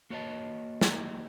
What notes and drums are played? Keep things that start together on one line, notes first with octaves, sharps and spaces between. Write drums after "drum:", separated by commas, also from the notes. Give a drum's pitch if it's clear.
A#3 F#4 B4 C#5 D#5 A5
drum: snare